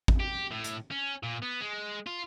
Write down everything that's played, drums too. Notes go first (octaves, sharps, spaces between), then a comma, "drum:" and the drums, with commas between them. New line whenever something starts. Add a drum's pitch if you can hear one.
drum: kick G#1
G4
A2
drum: hi-hat
C#4
A#2
B3
G#3
F4